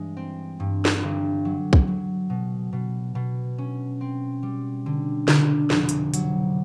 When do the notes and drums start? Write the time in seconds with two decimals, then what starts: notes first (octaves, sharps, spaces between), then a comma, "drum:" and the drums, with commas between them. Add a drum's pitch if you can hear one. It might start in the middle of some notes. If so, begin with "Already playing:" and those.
Already playing: G2 E3 G#3
0.17 C4
0.60 G2
0.85 drum: snare
1.03 G1
1.45 F#3
1.73 drum: kick
1.87 F#3
2.30 B2
2.73 B2
3.15 B2
3.58 C#4
4.01 C4
4.43 G3
4.86 D3
5.28 D3, drum: snare
5.70 F1, drum: snare
5.89 drum: hi-hat
6.14 F#3, drum: hi-hat